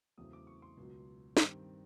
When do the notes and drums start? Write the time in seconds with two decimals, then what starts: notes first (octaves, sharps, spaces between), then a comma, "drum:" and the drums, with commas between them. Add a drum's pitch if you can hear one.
0.18 E2 C#3 F#3 A3 C4 D#6
0.33 D6
0.47 C#6
0.62 C6
0.77 C#2 B2 F#3
1.37 G2 D#3 G3 C4, drum: snare